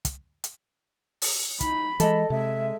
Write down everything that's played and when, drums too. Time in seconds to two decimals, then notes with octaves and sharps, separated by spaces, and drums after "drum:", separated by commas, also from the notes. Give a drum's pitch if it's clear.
0.05 drum: kick, hi-hat
0.44 drum: hi-hat
1.22 drum: open hi-hat
1.61 D#4 B5, drum: kick, hi-hat
2.00 E3 G#3 A4 D#5, drum: hi-hat
2.30 C3 G#3 E5